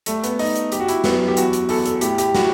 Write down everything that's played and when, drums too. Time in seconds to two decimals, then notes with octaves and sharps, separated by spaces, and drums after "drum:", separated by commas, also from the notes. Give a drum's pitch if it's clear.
0.06 G3 A3, drum: hi-hat
0.24 B3, drum: hi-hat
0.39 G3 D#4, drum: open hi-hat
0.56 drum: hi-hat
0.72 G3 G4, drum: hi-hat
0.80 F#4
0.88 E4, drum: hi-hat
1.04 F#2 B3, drum: snare
1.28 G4
1.37 E2 F#4, drum: hi-hat
1.53 drum: hi-hat
1.69 E2 A4, drum: open hi-hat
1.86 A4, drum: hi-hat
2.01 A2 G4, drum: hi-hat
2.18 G4, drum: hi-hat
2.35 A2 F#4, drum: snare